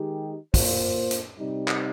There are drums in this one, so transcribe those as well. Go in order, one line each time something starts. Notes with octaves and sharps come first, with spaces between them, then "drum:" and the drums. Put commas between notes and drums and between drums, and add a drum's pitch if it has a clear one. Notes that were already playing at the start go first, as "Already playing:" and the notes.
Already playing: D#3 G#3 D#4 G4
A#3 F4 C5, drum: kick, open hi-hat
drum: hi-hat
C3 G3 C4 D#4
drum: clap